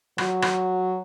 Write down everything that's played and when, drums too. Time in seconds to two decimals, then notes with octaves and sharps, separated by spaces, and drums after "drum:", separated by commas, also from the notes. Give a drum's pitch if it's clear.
0.18 F#3, drum: rim click
0.42 drum: rim click